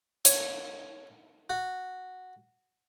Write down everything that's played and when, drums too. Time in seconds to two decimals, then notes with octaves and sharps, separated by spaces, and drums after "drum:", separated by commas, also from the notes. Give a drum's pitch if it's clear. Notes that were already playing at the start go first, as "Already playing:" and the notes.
0.25 C#5, drum: hi-hat
1.50 F#4